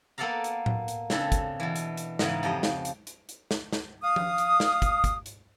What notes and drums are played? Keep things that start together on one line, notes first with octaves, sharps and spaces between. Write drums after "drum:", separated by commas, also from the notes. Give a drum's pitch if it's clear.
A#3 B3 A4 D5 F5 A#5
drum: hi-hat
drum: tom A2
drum: hi-hat
C#3 C4 D4 A4, drum: snare
drum: kick, hi-hat
B2 E3
drum: hi-hat
drum: hi-hat
G#2 C#3 E3 B3 D#5, drum: snare
F2 F3 G4 D#5
drum: snare
drum: hi-hat
drum: hi-hat
drum: hi-hat
drum: snare
drum: snare
F5 D#6
drum: tom F3
drum: hi-hat
drum: snare
drum: kick, hi-hat
drum: kick, hi-hat
drum: hi-hat